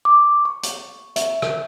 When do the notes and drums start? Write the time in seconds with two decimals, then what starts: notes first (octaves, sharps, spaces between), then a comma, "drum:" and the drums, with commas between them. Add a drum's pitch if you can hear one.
0.05 D6
0.45 C#6
0.63 drum: hi-hat
1.16 E5, drum: hi-hat
1.42 drum: rim click